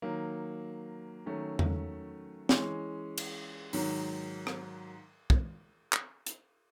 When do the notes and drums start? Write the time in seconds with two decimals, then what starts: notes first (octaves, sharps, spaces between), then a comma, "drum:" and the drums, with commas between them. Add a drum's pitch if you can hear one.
0.02 D#3 F#3 A#3
1.26 D#3 F#3 A3 C#4
1.59 drum: tom E2
2.49 E3 G#3 C#4, drum: snare
3.18 drum: cymbal
3.73 G#2 D#3 F#3, drum: open hi-hat
4.47 drum: rim click
5.30 drum: kick
5.93 drum: clap
6.27 drum: hi-hat